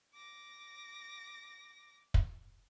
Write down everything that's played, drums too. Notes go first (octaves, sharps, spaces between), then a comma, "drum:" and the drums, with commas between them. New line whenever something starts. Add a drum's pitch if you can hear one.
D6 A#6
drum: kick